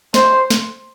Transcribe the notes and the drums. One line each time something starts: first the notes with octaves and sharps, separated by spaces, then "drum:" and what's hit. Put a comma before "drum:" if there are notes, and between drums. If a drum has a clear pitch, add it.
C5, drum: snare
drum: snare